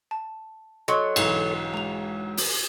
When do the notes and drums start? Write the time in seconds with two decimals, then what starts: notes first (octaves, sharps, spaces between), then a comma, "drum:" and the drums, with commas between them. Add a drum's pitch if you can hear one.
0.11 A5
0.88 F#3 A4 C#5 D#5 C6 C#6
1.16 B1 G#2 E3, drum: cymbal
1.74 G#3 A#5 F7
2.37 drum: open hi-hat